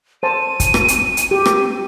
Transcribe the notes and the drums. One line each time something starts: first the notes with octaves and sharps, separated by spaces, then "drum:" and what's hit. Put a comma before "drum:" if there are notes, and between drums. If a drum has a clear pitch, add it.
C5 A5 D#7
drum: kick, hi-hat
drum: rim click
drum: hi-hat
drum: hi-hat
G4
drum: rim click